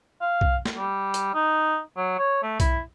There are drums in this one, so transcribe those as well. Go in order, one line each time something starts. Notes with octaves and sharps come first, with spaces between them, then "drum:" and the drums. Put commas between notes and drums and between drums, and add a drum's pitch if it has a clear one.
F5
drum: kick B1
drum: snare
G3
drum: hi-hat
D#4
F#3
C#5
A3
E4, drum: kick B1, hi-hat